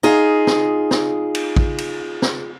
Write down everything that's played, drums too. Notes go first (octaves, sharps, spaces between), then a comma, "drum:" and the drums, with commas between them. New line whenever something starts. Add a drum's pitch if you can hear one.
D#4 F4 G#4
drum: snare
drum: snare
drum: cymbal
drum: kick
drum: cymbal
drum: snare